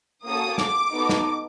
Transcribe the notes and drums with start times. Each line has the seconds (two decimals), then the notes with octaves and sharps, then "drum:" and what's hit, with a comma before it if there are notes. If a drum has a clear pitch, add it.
0.24 A#3 C#4 F#4 A4 D#6
0.58 D6, drum: snare
0.92 B3 D#4 F#4 A4
1.09 drum: snare